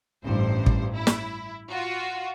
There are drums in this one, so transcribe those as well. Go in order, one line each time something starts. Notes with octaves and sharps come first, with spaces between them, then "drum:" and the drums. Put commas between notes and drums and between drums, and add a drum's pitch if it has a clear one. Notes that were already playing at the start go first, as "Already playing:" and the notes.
A1 G2 C5
drum: kick
E4
drum: snare
F4 F#4